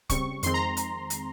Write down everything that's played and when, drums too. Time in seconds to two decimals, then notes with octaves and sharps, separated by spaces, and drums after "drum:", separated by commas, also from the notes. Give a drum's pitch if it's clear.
0.10 C#3 G3 C4 C#6, drum: kick C#1, hi-hat
0.43 F2 D#3 G#3 C4 C6, drum: hi-hat
0.54 A#5
0.77 drum: hi-hat
1.10 drum: hi-hat